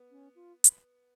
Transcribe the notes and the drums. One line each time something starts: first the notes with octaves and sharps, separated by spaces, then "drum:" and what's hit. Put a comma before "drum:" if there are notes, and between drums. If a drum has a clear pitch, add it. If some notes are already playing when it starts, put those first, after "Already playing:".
Already playing: B3
C#4
F4
drum: hi-hat